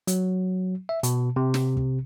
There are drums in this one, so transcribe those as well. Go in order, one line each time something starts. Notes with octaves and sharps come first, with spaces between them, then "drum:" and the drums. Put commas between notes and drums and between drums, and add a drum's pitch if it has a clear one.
F#3, drum: hi-hat
E5
B2, drum: hi-hat
C3
drum: snare
drum: kick